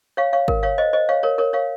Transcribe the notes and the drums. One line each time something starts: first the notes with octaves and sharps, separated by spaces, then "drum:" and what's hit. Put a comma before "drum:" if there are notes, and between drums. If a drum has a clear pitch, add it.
C#5 F5
C#5 F5
A#4, drum: kick
C#5 F5
C5 D#5
C5 D#5
C#5 F5
A#4 C#5
A#4 C#5
C#5 F5